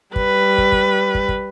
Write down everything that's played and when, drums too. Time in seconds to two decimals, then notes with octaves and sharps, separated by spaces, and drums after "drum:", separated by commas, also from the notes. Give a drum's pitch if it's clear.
0.16 G3 B4, drum: kick
0.58 drum: kick
0.72 drum: kick
1.15 drum: kick
1.29 drum: kick